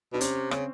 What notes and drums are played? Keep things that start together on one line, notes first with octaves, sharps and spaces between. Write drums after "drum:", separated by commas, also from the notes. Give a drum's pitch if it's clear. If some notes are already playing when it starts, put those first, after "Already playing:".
B2 D4
C3 C#4, drum: hi-hat
C#3 C4, drum: rim click